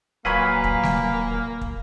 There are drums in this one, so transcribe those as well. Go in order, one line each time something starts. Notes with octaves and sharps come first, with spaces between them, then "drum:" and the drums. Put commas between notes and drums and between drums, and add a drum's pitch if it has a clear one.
D#1 A#2 F#3 A#3 B4 F5 G#5 B5
drum: kick
drum: snare G3
drum: kick